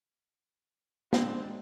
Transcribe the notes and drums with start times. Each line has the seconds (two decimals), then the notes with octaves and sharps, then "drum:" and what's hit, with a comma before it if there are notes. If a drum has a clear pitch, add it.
1.13 G#3 C4 D4 D#4 D5, drum: snare